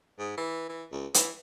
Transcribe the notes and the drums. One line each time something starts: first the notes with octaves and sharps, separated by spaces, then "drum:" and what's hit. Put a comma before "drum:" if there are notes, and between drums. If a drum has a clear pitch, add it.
G#2
E3
E3
C#2
E3, drum: hi-hat